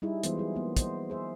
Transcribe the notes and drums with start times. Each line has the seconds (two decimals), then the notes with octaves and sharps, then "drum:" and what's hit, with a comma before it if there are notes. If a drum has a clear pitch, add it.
0.02 G3 D#4 E4 G#4
0.23 E3 G3 G#3 B3 F4 C5, drum: hi-hat
0.38 F#3 E4 G#4
0.55 A#3 B3
0.77 C5 D#5, drum: kick, hi-hat
1.10 G#4 C5 E5